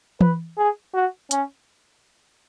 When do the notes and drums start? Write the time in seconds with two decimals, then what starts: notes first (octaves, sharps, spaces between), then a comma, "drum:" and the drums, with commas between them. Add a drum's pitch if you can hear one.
0.21 B4, drum: tom E3
0.57 G#4
0.94 F#4
1.31 C#4, drum: hi-hat